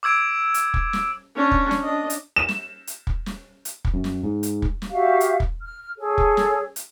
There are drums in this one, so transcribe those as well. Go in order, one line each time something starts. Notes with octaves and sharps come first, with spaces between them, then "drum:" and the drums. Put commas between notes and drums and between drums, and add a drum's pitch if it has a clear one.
D6 E6 G#6 D7
drum: hi-hat
drum: kick
drum: snare
C#4 D4
drum: kick
drum: snare
D4 D#5
drum: hi-hat
E7
drum: snare
drum: hi-hat
drum: kick
drum: snare
drum: hi-hat
drum: kick
F#2
drum: snare
G#2
drum: hi-hat
drum: kick
drum: snare
F#4 G4 E5 F5
drum: hi-hat
drum: kick
F6
G#4 A4 C#5
drum: kick
drum: snare
drum: hi-hat